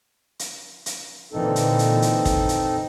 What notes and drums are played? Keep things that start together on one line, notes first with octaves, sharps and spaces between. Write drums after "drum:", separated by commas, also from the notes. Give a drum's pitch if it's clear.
drum: hi-hat
drum: hi-hat
A#2 D3 E3 C4 D#4 A4
drum: hi-hat
drum: hi-hat
drum: hi-hat
drum: kick, hi-hat
drum: hi-hat